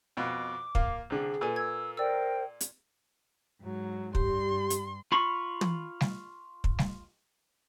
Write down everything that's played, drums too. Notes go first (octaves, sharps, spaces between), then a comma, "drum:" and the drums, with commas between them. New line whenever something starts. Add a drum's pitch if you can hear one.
F2 B2 F4 D6
A#3 F4, drum: kick
C2 D3 G#4
A#2 A4 B4 G#5
E6 G#6
A#4 C5 D5 G5 E6
drum: hi-hat
G#2 F#3
G2 G4 C6, drum: kick
drum: hi-hat
F4 B5 C#6
drum: tom
drum: snare G3
drum: kick
drum: snare G3